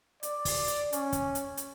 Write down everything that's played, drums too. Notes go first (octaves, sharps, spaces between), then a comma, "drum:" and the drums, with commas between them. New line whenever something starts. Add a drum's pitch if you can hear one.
D5, drum: hi-hat
drum: kick, open hi-hat
drum: hi-hat
C#4, drum: hi-hat
drum: kick, hi-hat
drum: hi-hat
drum: hi-hat